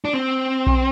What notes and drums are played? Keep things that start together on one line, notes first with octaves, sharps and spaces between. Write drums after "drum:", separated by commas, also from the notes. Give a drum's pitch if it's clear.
D4
C4
drum: kick B1